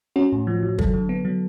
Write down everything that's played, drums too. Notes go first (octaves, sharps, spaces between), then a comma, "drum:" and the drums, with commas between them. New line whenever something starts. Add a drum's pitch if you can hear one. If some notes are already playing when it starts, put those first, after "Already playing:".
C#4 F#4
A2
F3
F3
F#3 A4, drum: kick
D3
B3
F#3